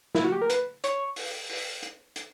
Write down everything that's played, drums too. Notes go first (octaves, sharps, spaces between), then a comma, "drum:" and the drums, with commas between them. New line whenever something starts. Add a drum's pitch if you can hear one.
E4, drum: snare
F#4
G4
A#4
B4, drum: hi-hat
C#5, drum: hi-hat
drum: open hi-hat
drum: open hi-hat
drum: hi-hat
drum: hi-hat